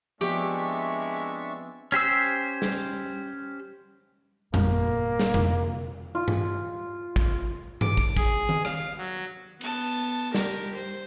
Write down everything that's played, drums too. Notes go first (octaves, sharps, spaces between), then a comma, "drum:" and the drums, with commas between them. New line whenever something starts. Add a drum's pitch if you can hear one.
F3 G#3 B3 C4 D4 G4 E5 C#6
C#4 G4 C5 E6
drum: snare
G1 A#2 A#3, drum: tom F2
drum: snare
C3, drum: tom F2
F4
drum: tom G2
drum: kick
D6, drum: tom G2
drum: kick
G#4, drum: kick
drum: tom D#3
F5, drum: rim click
F#3
B3 A5, drum: cymbal
G4 A#4, drum: snare
C5